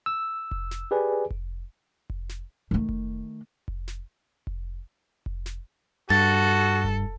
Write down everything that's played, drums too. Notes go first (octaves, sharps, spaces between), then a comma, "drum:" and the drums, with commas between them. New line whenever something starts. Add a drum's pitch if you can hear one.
E6
drum: kick F1
drum: snare
G4 G#4 B4 D5 G#5
drum: kick F1
drum: kick F1
drum: snare
D#3 A3
drum: kick F1
drum: kick F1
drum: snare
drum: kick F1
drum: kick F1
drum: snare
G2 F#4 A4 A6
drum: kick F1